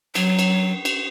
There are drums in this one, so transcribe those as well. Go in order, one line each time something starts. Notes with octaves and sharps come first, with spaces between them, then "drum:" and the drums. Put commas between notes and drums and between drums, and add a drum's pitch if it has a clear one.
F#3, drum: cymbal
drum: cymbal
drum: cymbal